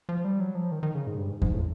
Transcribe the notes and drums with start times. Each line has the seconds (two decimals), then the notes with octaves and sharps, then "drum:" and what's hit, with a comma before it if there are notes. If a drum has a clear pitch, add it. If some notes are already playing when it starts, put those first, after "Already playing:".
0.09 F3
0.25 G3
0.40 F#3
0.55 F3
0.72 D#3
0.83 D#3
0.95 C#3
1.07 G#2
1.18 G2
1.29 G#2
1.42 G#2, drum: kick E2
1.53 A2